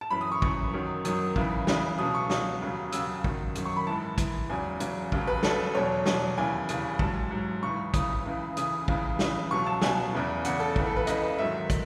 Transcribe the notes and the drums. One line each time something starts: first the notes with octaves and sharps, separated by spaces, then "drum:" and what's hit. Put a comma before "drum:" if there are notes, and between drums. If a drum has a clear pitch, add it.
A5
F#2 E3 B5
D#6
C#6
F#2 E3 C#6, drum: kick
F#2 D#3 F#3
F#2 D#3 F#3 D#6, drum: hi-hat
C#2 C#3 E3, drum: kick
C#2 C#3 E3, drum: snare
C#2 B2 F#3 D#6
C#6
C#2 B2 F#3 D#6, drum: snare
D#2 C#3 F#3
D#2 C#3 F#3 E6, drum: hi-hat
F#2 D#3 F#3, drum: kick
F#2 D#3 F#3, drum: hi-hat
C#6
B5
G#2 E3 A5
G#2 E3, drum: kick, hi-hat
E2 C#3 F#3 G#5
E2 C#3 F#3, drum: hi-hat
D#2 C#3 F#3, drum: kick
B4
D#2 C#3 F#3 A4, drum: snare
E2 B2 F#3 C#5
E2 B2 F#3, drum: snare
D#2 C#3 E3 G#5
D#2 C#3 E3, drum: hi-hat
G#2 F#3 A5, drum: kick
G#2 F#3
C#2 C#3 E3 C#6
C#2 C#3 E3 D#6, drum: kick, hi-hat
C#2 C#3 E3
C#2 C#3 E3 D#6, drum: hi-hat
C#2 C#3 E3, drum: kick
C#2 C#3 E3, drum: snare
C#2 B2 F#3 C#6
A5
C#2 B2 F#3 G#5, drum: snare
E2 C#3 E3
E2 C#3 E3 F#5, drum: hi-hat
A4
C#2 C#3 E3, drum: kick
A4
B4
C#2 C#3 E3 D#5, drum: hi-hat
G#2 D#3 F#3 E5
drum: kick, hi-hat